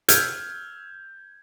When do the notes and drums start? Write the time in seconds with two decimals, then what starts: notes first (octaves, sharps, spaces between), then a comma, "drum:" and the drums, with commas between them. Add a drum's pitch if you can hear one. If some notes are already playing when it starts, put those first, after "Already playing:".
0.09 E6 F6 G6 G#6, drum: hi-hat